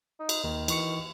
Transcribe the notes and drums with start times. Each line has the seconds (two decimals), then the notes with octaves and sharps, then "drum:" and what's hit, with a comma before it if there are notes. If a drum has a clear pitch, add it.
0.19 D#4
0.29 drum: cymbal
0.44 D#2 D#3
0.68 E3 C#6 C#7, drum: cymbal